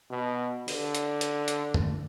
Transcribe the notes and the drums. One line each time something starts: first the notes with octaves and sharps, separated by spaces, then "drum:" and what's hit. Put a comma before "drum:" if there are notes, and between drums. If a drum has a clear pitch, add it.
B2
D3, drum: open hi-hat
drum: hi-hat
drum: hi-hat
drum: hi-hat
drum: tom